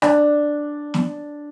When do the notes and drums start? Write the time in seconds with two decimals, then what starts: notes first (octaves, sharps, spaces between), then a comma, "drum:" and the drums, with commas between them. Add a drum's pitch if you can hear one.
0.02 D4, drum: rim click
0.94 drum: snare